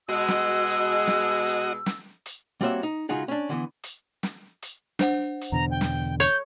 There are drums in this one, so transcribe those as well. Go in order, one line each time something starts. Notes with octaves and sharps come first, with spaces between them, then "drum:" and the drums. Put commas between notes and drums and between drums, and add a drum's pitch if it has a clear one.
B2 G#3 F#4 D#5 E6
drum: snare
drum: hi-hat
drum: snare
drum: hi-hat
drum: snare
drum: hi-hat
G3 A#3 C4 F#4 C#5 E5
D#4
C#3 G#3 D#4 F4 F#4 G#4
C#4 D4
D3 E3 B3
drum: hi-hat
drum: snare
drum: hi-hat
D4 C5 F#5, drum: snare
drum: hi-hat
E2 B2 D3 A#5
G5
drum: snare
C#5 G6, drum: hi-hat